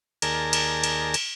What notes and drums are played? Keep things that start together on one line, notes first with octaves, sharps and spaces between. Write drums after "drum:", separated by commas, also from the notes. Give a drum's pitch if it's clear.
D#2 G#4 A#4 D5 A5 A#5, drum: cymbal
drum: cymbal
drum: cymbal
drum: cymbal